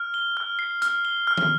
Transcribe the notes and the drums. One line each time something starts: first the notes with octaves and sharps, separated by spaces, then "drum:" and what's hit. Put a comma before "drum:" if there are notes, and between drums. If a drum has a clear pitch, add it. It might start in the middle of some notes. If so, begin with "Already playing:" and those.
Already playing: F6
G7
F6
C7
F6, drum: hi-hat
G7
F6
drum: tom